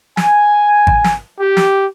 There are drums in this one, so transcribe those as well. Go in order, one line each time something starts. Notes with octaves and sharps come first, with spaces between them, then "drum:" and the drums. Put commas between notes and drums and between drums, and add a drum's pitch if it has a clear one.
G#5, drum: snare
drum: kick G#1
drum: snare
G4
drum: snare